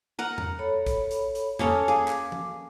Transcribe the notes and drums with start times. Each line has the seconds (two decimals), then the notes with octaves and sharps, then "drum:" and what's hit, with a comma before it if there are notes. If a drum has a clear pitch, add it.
0.19 A#4 F#5
0.38 drum: tom E2
0.59 A4 C#5 B5
0.86 drum: kick, hi-hat
1.11 drum: hi-hat
1.35 drum: hi-hat
1.59 A#3 C#4 A4 C#5 G#5 D#6, drum: tom E2
1.88 G#4 F5 D6
2.08 drum: clap
2.32 drum: tom F3